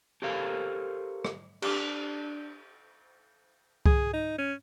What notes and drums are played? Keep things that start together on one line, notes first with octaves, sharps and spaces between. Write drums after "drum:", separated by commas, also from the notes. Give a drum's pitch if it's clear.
G4 A4 A#4 C5 C#5 F5
drum: rim click
D4 G4 D6, drum: cymbal
G#4, drum: kick C2
D#4
C#4